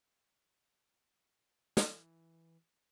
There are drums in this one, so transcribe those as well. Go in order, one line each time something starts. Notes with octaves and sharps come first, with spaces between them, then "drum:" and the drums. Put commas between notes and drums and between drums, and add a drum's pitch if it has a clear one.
E3, drum: snare